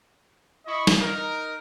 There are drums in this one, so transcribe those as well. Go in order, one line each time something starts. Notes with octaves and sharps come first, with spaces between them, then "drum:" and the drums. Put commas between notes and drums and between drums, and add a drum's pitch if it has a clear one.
E4 D#5 B5 C#6
drum: snare
D#4 A#4